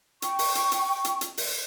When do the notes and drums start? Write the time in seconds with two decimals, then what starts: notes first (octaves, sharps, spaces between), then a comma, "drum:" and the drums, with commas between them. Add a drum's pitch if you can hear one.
0.22 G5 C#6, drum: hi-hat
0.39 drum: open hi-hat
0.55 drum: hi-hat
0.72 drum: hi-hat
1.05 drum: hi-hat
1.21 drum: hi-hat
1.37 drum: open hi-hat